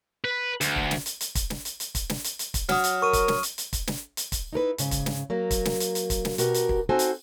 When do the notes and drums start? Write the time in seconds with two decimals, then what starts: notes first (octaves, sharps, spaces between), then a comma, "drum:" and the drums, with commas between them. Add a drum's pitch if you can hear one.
0.24 B4
0.61 D2, drum: hi-hat
0.76 drum: kick
0.91 drum: snare
1.06 drum: hi-hat
1.21 drum: hi-hat
1.35 drum: kick, hi-hat
1.50 drum: snare
1.65 drum: hi-hat
1.80 drum: hi-hat
1.95 drum: kick, hi-hat
2.10 drum: snare
2.24 drum: hi-hat
2.39 drum: hi-hat
2.54 drum: kick, hi-hat
2.69 F#3 D#6 F6, drum: snare
2.84 drum: hi-hat
3.02 A#4 C#6 D#7
3.13 drum: kick, hi-hat
3.28 drum: snare
3.43 drum: hi-hat
3.58 drum: hi-hat
3.73 drum: kick, hi-hat
3.87 drum: snare
4.17 drum: hi-hat
4.32 drum: kick, hi-hat
4.53 D#4 E4 A#4 B4
4.78 G#2 C#3, drum: hi-hat
4.91 drum: kick, hi-hat
5.06 drum: snare
5.30 F#3 A#3
5.51 drum: kick, hi-hat
5.65 drum: snare
5.80 drum: hi-hat
5.95 drum: hi-hat
6.10 drum: kick, hi-hat
6.25 drum: snare
6.38 B2 F#4 G4 A#4, drum: hi-hat
6.54 drum: hi-hat
6.69 drum: kick
6.89 C4 D#4 F#4 A4 C5 G#5
6.99 drum: hi-hat